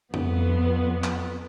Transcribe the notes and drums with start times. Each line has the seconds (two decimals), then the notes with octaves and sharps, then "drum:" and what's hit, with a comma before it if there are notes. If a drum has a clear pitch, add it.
0.14 F2 B3, drum: tom
1.04 drum: clap